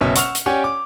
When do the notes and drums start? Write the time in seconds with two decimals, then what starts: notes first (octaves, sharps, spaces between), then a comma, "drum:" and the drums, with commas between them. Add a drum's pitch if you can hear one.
0.01 F#1 B2 C#4 E5
0.16 F#5 C#6 E6 F6 F7, drum: hi-hat
0.35 drum: hi-hat
0.46 C#4 G4 C#5 D5 F#5 G#5
0.64 D6